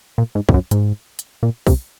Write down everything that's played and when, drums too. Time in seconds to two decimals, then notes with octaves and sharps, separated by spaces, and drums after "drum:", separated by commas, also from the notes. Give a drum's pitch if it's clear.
0.18 A#2
0.35 G#2
0.49 F2, drum: kick
0.54 F#2
0.71 G#2, drum: hi-hat
1.19 drum: hi-hat
1.43 A#2
1.67 C3, drum: kick, open hi-hat